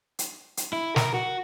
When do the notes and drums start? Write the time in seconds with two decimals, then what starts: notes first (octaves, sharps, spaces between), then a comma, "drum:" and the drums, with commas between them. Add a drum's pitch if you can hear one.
0.19 drum: hi-hat
0.57 drum: hi-hat
0.73 E4
0.96 A#4, drum: snare
1.14 F#4